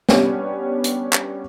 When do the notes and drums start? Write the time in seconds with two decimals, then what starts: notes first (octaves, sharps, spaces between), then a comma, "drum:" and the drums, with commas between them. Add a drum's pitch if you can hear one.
0.09 G3 B3 C#4 D4 G4, drum: snare
0.84 drum: hi-hat
1.13 drum: clap